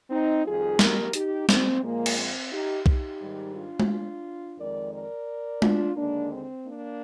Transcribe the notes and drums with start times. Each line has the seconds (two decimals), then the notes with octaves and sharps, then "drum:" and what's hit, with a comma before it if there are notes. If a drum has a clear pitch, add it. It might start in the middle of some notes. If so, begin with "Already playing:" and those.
0.10 C4 D#4
0.45 F2 D#3 G3 F4 G#4
0.79 G4 A#4, drum: snare
1.13 D#4 G4, drum: hi-hat
1.49 C4, drum: snare
1.83 A#2 F3 G#3 A#3
2.06 drum: cymbal
2.17 C4
2.51 D#4 G4
2.86 D#4 G4, drum: kick B1
3.21 G#2 D#3 G3
3.55 D4 F4
3.80 drum: tom G#3
4.58 F2 D#3 G#3 A#4 D5
4.93 A#4 D5
5.62 D4 F4, drum: tom G#3
5.96 D#2 D3 G#3 A#3 D4
6.31 C4
6.66 A#3 D4